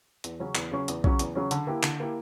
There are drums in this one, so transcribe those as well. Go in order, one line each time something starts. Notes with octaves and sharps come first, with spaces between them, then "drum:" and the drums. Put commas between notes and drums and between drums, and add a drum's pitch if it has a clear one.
E2, drum: hi-hat
C#3 F#3 C#4
E2, drum: clap
C#3 F#3 C#4
E2, drum: hi-hat
C#3 F#3 C#4, drum: kick A#1
E2, drum: hi-hat
C#3 F#3 C#4
D3, drum: hi-hat
A#3 E4 G4
D3, drum: clap
A#3 E4 G4